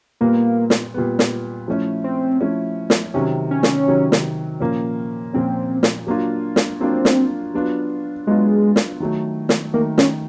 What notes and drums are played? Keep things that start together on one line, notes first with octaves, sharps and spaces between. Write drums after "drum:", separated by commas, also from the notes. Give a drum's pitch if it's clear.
A#2 G3 A#3 B3
drum: snare
A#2 G3 B3
drum: snare
F3 A3 C#4 E4
C4
F3 A3 C#4 E4
drum: snare
C3 D#3 F#3 C#4
C#4
drum: snare
C3 D#3 F#3
drum: snare
A#2 F3 A#3 C#4
A#2 F3 A#3 C4 C#4
drum: snare
F#3 A#3 D4 F4
drum: snare
F#3 A#3 C4 D4 F4
drum: snare
F#3 B3 D4 F4
F#3 G#3 B3 D4 F4
drum: snare
D#3 F#3 A3
drum: snare
D#3 F#3 A3 A#3
C#4, drum: snare